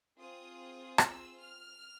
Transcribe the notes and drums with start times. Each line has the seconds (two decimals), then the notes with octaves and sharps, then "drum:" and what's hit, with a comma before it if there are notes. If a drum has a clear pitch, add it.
0.18 C4 F4 G#4 D#6
0.98 E6, drum: rim click
1.39 F6